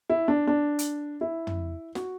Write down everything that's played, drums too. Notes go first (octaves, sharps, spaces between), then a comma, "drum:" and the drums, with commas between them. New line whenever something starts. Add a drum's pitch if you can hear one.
E4
D4
D4
drum: hi-hat
E4
drum: tom
F#4, drum: snare